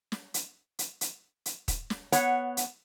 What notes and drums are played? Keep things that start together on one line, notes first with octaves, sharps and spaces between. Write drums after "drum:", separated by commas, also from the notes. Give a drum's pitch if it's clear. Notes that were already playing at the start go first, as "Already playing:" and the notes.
drum: snare
drum: hi-hat
drum: hi-hat
drum: hi-hat
drum: hi-hat
drum: kick D#1, hi-hat
drum: snare
B3 C#5 F#5, drum: hi-hat
drum: hi-hat